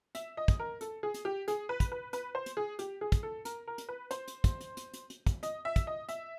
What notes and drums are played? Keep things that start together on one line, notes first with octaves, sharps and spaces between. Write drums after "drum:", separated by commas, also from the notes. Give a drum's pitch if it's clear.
E5, drum: hi-hat
D#5
drum: kick, hi-hat
A#4
A4, drum: hi-hat
G#4
drum: hi-hat
G4
G#4, drum: hi-hat
B4
drum: kick, hi-hat
B4
B4, drum: hi-hat
C5
drum: hi-hat
G#4
G4, drum: hi-hat
G#4
drum: kick, hi-hat
A4
A#4, drum: hi-hat
A#4
drum: hi-hat
B4
C5, drum: hi-hat
drum: hi-hat
drum: kick, hi-hat
drum: hi-hat
drum: hi-hat
drum: hi-hat
drum: hi-hat
drum: kick, hi-hat
D#5, drum: hi-hat
E5
drum: kick, hi-hat
D#5
E5, drum: hi-hat